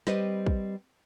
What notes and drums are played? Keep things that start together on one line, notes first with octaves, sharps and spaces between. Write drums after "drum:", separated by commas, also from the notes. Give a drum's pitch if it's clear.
G3 C4 G4 B4 C5 D#5, drum: snare
drum: kick